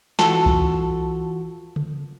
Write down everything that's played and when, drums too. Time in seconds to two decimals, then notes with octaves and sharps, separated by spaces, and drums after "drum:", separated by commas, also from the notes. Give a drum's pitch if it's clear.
0.19 E3 F4 F#4 A4, drum: snare
0.46 drum: kick C2
1.76 drum: tom C#3